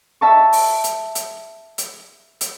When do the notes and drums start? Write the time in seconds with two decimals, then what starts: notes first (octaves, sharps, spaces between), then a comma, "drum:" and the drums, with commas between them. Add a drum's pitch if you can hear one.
0.21 E5 A5 C#6
0.53 drum: open hi-hat
0.84 drum: hi-hat
1.15 drum: hi-hat
1.78 drum: hi-hat
2.41 drum: hi-hat